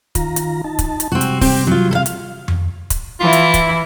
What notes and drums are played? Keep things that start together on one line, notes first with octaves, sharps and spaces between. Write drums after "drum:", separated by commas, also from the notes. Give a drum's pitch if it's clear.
D#3 F4 A#5, drum: kick, hi-hat
drum: hi-hat
D#4 A5
drum: kick, hi-hat
drum: hi-hat
C3 G3 C4 F#4
drum: hi-hat
C4 G4, drum: kick, open hi-hat
F#3 F4
A4 F5
drum: hi-hat
drum: tom F2
drum: kick, hi-hat
E3 E4 F4
drum: hi-hat
drum: kick, hi-hat